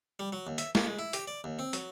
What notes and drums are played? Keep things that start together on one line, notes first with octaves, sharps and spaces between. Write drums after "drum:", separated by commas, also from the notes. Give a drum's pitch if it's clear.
G3
F#3
D#2
E5, drum: hi-hat
A#3, drum: snare
G#3
E4
G4, drum: hi-hat
D5
D#2
C4
F#3, drum: hi-hat